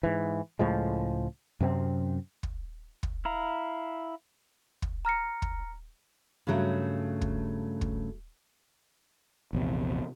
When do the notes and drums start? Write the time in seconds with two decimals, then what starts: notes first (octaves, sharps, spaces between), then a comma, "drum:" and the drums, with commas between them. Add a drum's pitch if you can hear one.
0.03 G#2 E3
0.59 C#2 A2 F3 G#3
1.61 F#2 C3 B3 C4
2.43 drum: kick
3.03 drum: kick
3.25 E4 F5 A#5
4.82 drum: kick
5.05 A#5 F6 A#6 C#7
5.42 drum: kick
6.47 G2 C#3 F#3 A3
7.21 drum: kick
7.81 drum: kick
9.53 A#1 E2 C3